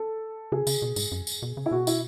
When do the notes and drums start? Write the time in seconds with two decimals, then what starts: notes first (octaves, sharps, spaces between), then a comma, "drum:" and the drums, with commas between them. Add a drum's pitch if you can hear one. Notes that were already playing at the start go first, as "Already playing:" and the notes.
Already playing: A4
0.52 C#3 G#4
0.67 C#3, drum: tambourine
0.82 B2
0.96 G#2, drum: tambourine
1.12 F#2
1.27 drum: tambourine
1.42 B2
1.57 C#3
1.66 E4
1.71 B2 F#4
1.87 E4, drum: tambourine